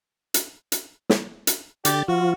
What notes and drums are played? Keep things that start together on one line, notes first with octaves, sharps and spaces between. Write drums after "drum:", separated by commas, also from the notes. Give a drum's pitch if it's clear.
drum: hi-hat
drum: hi-hat
drum: snare
drum: hi-hat
D3 G4 D5 A6, drum: hi-hat
F3 F4 F#4